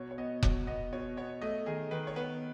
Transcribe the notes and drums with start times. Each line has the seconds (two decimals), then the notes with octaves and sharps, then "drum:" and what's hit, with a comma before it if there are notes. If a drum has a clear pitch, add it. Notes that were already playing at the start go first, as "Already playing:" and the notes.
Already playing: B2 C#5
0.11 C#5
0.18 B3 D#5
0.43 B2 C#5, drum: kick F1
0.67 B3 D#5
0.92 B2 C#5
1.17 B3 C#5
1.42 A3 D#5
1.66 D#3 G#4
1.91 D#3 B4
2.07 C#5
2.16 B3 B4